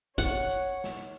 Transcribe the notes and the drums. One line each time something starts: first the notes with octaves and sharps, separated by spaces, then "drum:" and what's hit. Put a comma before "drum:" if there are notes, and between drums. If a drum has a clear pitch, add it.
C#5 F#5, drum: kick, hi-hat
drum: hi-hat
drum: snare